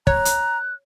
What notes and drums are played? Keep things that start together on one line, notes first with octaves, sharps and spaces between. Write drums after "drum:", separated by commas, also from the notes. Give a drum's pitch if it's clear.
C#5 A#5 F#6, drum: kick
drum: hi-hat